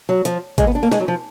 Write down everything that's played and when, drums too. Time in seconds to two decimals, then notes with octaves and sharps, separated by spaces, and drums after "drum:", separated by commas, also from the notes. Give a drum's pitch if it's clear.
0.09 F#3
0.25 F3, drum: hi-hat
0.58 G#3, drum: kick, hi-hat
0.67 B3
0.75 D4
0.83 A#3
0.92 G#3, drum: snare
1.00 F#3
1.08 F3